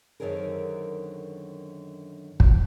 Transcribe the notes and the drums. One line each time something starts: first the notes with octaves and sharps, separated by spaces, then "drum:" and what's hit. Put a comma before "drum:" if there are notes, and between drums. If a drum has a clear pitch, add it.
F#2 D3 D#3 C4 G#4 A#4
drum: kick